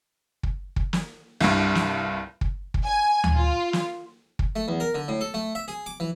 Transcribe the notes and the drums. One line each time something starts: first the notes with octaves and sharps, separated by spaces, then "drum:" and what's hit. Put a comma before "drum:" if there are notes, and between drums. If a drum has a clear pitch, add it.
drum: kick
drum: kick
drum: snare
C2 G2, drum: snare
drum: snare
drum: kick
drum: kick
G#5
drum: tom D2
F4
drum: snare
drum: kick
A3
E2
A#4
D3
A2
A4
A3
E5
G#4
D6
E3